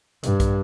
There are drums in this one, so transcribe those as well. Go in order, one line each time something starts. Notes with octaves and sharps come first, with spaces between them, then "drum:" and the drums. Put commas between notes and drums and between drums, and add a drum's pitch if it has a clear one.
G2, drum: hi-hat
drum: kick A#1, hi-hat